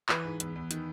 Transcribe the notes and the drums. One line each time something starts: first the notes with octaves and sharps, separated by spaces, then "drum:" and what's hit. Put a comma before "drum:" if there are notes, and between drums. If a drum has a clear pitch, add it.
E3 B4, drum: clap
G#2
E2, drum: hi-hat
E2
D#3, drum: hi-hat